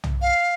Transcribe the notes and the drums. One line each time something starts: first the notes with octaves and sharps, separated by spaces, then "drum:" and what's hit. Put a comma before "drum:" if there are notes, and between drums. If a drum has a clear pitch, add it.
drum: tom
F5